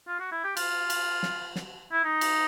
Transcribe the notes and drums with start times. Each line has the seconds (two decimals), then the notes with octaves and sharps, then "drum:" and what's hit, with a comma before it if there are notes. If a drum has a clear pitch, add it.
0.08 F4
0.20 F#4
0.32 E4
0.44 G4
0.57 F4, drum: cymbal
0.90 drum: cymbal
1.23 drum: snare
1.56 drum: snare
1.92 E4
2.04 D#4
2.21 drum: cymbal